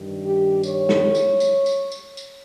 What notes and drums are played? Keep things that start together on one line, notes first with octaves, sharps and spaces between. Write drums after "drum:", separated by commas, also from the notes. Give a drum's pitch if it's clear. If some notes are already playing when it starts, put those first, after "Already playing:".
Already playing: G2 D#3
G4
C#5, drum: tambourine
drum: snare
drum: tambourine
drum: tambourine
drum: tambourine
drum: tambourine
drum: tambourine